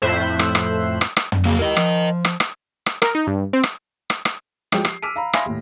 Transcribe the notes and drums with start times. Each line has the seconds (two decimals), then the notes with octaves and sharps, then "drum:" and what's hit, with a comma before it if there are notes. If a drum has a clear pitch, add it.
0.02 F2 A2 C5 E5 F#6
0.39 drum: rim click
0.55 drum: rim click
1.01 drum: rim click
1.16 drum: rim click
1.32 drum: tom
1.45 C#3 F#3 A#3
1.59 C#2 E4 G4 A#4 D#5
1.76 F3, drum: rim click
2.25 drum: rim click
2.40 drum: rim click
2.86 drum: rim click
3.02 A#4, drum: rim click
3.15 D#4
3.27 G2
3.53 C4
3.63 drum: rim click
4.10 drum: rim click
4.25 drum: rim click
4.72 F3 F#3 G#3 G4, drum: rim click
4.85 C7, drum: rim click
5.02 D6 E6 F6 B6 D7 D#7
5.16 F5 A#5 B5
5.33 E5 F5 G#5 B5 C6 A#6, drum: rim click
5.46 D#2 A2